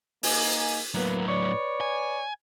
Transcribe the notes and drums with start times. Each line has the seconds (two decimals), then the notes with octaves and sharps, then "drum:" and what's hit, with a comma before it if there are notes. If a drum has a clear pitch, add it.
0.23 A#3 D#4 G#5, drum: open hi-hat
0.94 A2 F#3 A#3 B3
1.27 B4 C#5 D5
1.81 G#5